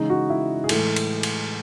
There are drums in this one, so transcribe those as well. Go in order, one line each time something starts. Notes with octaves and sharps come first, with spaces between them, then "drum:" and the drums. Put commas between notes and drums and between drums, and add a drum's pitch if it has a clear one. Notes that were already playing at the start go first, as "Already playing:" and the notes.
Already playing: C#3 E3 G#3 D#4
F#4
E4
G#4
A2 E3 G#3 A4, drum: cymbal
drum: cymbal
drum: cymbal